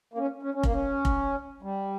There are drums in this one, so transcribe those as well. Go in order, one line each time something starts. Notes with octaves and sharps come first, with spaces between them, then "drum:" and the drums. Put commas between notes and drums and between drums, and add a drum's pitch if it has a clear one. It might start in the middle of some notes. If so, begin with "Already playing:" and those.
A#3
C#4
C#4
C#4
A#3, drum: kick F1
C#4
drum: kick F1
G3